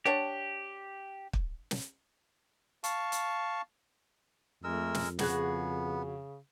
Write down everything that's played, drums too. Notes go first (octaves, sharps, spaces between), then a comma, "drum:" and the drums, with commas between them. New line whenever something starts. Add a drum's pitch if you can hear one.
D4 G4 C#5 F#5
drum: kick
drum: snare
F5 A5 C#6, drum: hi-hat
drum: hi-hat
F2 G#3 A3 A#4 E6
drum: snare
C#3 B3 F#4 G#4 F#6, drum: snare